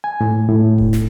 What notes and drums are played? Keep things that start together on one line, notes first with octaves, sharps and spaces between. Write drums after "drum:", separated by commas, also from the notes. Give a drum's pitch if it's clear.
G#5
A2
A2
drum: kick D#1
drum: snare